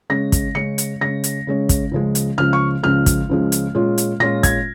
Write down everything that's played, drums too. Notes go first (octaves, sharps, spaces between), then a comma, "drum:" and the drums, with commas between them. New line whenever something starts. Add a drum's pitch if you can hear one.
C#3 G#3 C#4 A#6
drum: kick, hi-hat
C#3 G#3 C#4 C#7
drum: hi-hat
C#3 G#3 C#4 A#6
drum: hi-hat
C#3 G#3 C#4
drum: kick, hi-hat
C#2 C#3 F3 G#3
drum: hi-hat
C#2 C#3 F3 G#3 F6
C#6
C#2 C#3 F3 G#3 F6
drum: kick, hi-hat
C#2 C#3 F3 G#3
drum: hi-hat
A#2 G#3 C#4 F4
drum: hi-hat
A#2 G#3 C#4 F4 A#6
G#6, drum: kick, hi-hat